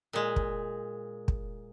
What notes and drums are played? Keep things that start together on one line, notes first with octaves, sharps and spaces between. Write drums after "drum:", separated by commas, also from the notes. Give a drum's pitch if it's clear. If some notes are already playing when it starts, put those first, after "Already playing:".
A#2 G#3
drum: kick
drum: kick